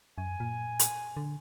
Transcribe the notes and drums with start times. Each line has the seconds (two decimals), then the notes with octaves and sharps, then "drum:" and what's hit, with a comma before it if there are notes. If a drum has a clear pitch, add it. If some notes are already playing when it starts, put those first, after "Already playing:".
0.18 F#2 G#5
0.40 A#2
0.79 drum: hi-hat
1.17 D3